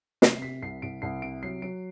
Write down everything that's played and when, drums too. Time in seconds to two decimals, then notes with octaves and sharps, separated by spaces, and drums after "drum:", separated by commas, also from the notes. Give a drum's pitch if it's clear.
0.22 C3 C7, drum: snare
0.42 C3 B6
0.62 C2 C7
0.82 C2 D7
1.02 C2 C7
1.22 C3 D7
1.43 F#3 C7
1.62 F#3 D7